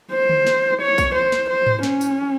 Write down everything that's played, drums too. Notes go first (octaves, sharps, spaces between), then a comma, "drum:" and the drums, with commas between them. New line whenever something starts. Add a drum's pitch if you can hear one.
C5
drum: tom D3
drum: snare
C#5
drum: kick, tambourine
C5
drum: snare
C5
drum: tom G#2
C#4, drum: snare
drum: tambourine